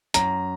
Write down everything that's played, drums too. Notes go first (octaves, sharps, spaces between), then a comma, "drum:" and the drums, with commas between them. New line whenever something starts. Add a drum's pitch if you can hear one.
F#2 A#5, drum: hi-hat